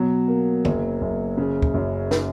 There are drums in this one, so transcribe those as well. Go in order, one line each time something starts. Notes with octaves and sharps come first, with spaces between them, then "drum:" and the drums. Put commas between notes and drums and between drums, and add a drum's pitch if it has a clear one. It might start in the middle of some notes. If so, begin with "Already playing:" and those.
Already playing: B2 F#3
A#3
F#1, drum: tom
F#1
C#3
drum: kick
F#2
drum: snare